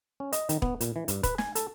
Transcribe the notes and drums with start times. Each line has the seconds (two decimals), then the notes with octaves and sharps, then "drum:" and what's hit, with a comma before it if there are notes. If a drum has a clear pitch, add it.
0.20 C#4
0.33 D#5, drum: hi-hat
0.49 D#3, drum: hi-hat
0.62 B3, drum: kick E1
0.81 A#2, drum: hi-hat
0.96 E3
1.08 G2, drum: hi-hat
1.23 B4, drum: kick E1, hi-hat
1.38 G#5, drum: snare
1.55 A4, drum: hi-hat